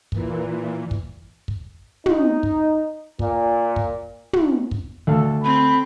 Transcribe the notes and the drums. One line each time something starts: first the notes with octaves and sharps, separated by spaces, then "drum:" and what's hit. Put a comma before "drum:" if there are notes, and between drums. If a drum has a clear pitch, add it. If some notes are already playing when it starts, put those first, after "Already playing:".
A#2 E3, drum: kick
drum: kick
drum: kick
D#4, drum: tom
drum: kick
A#2, drum: kick
drum: kick
drum: tom
drum: kick
D2 A4 F5
C4 B5